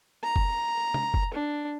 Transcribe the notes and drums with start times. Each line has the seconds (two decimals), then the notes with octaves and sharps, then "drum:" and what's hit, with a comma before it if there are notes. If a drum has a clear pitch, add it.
0.23 A#5
0.36 drum: kick
0.94 drum: tom
1.14 drum: kick
1.33 D4